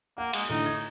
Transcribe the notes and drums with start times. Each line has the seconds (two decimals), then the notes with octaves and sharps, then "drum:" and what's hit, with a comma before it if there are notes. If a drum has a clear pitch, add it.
0.18 A#3 F#5
0.33 G#3, drum: cymbal
0.49 A2 D3 D#4
0.66 G#6